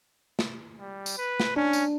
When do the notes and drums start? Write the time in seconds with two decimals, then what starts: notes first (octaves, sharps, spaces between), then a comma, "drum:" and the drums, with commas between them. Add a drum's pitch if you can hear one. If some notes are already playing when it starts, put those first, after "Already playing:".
0.39 drum: snare
0.80 G3
1.06 drum: tambourine
1.18 B4
1.40 drum: snare
1.56 C#4 D4
1.73 drum: tambourine